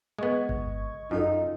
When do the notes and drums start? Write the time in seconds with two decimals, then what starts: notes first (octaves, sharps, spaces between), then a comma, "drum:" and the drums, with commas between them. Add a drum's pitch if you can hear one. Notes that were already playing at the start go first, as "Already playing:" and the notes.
0.19 G#3 B3 D#5 C#6 G#6
0.49 drum: kick G1
1.11 F#2 D#4 F4 A4